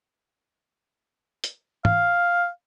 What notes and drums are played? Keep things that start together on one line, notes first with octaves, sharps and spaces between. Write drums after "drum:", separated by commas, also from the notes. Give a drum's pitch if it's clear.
drum: hi-hat
F5, drum: tom